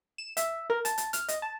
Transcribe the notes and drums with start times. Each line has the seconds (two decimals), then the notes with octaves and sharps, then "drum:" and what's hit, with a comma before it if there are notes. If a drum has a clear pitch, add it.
0.18 E7
0.37 E5, drum: hi-hat
0.70 A#4
0.85 A5, drum: hi-hat
0.98 drum: hi-hat
1.13 F6, drum: hi-hat
1.28 D#5, drum: hi-hat
1.42 A5